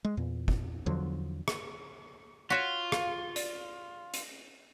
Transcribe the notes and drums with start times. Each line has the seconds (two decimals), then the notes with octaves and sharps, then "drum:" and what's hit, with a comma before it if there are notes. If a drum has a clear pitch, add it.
0.05 G#3
0.17 E2 A#2
0.48 drum: kick
0.86 E2 D3 F3 F#3
1.48 drum: rim click
2.50 F4 F#4 C#5 B6 E7
2.92 F5, drum: rim click
3.36 D5, drum: hi-hat
4.14 drum: hi-hat